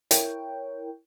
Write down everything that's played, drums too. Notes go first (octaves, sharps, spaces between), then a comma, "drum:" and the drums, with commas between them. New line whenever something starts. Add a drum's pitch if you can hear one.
E4 A#4 C#5 G5, drum: hi-hat